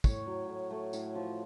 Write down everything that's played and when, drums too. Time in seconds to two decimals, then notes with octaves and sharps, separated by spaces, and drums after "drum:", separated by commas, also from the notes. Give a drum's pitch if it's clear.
0.04 A2 C#5, drum: kick, tambourine
0.26 F#3
0.49 A2
0.71 A3
0.93 A2, drum: tambourine
1.15 F3